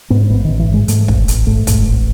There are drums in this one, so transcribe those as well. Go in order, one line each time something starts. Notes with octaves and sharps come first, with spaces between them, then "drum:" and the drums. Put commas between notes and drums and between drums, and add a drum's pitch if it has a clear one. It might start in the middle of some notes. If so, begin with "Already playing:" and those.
G#2 B3
A1 B3
D#3
A1
E3
G#2 G#3
G#2 A3, drum: hi-hat
A1, drum: kick
A1, drum: hi-hat
G#2 A3
G#2, drum: kick, hi-hat
A1